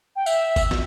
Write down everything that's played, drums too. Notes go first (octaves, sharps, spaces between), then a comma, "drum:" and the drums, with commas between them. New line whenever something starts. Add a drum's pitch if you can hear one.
G5
E5, drum: tambourine
drum: kick F#1, tambourine
drum: snare